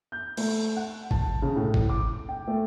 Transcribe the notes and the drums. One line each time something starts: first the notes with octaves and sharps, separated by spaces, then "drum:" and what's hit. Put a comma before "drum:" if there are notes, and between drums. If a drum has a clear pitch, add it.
G6
A3, drum: cymbal
F#5
A5, drum: kick G1
C#3
A2
drum: kick G1
D6
G5
A3